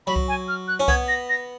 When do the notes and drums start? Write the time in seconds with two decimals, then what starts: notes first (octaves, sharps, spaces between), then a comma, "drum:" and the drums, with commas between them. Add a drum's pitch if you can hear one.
0.07 F#3 B5
0.16 drum: kick C2
0.28 G#5
0.48 F6
0.68 F#6
0.80 C#4
0.88 B3 G#6, drum: kick C2
1.08 A#6
1.29 A#6